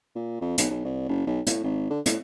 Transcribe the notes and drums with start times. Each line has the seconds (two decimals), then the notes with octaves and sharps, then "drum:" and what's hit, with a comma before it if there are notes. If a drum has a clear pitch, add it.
0.16 A#2
0.41 F2
0.58 B1, drum: hi-hat
0.71 B1
0.85 C2
1.08 F#1
1.27 B1
1.47 A2, drum: hi-hat
1.64 G#1
1.90 D3
2.06 A2, drum: hi-hat